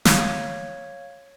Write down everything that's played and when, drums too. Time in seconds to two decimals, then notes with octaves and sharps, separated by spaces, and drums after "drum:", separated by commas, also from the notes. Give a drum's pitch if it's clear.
0.05 C#5 F5 G#6, drum: snare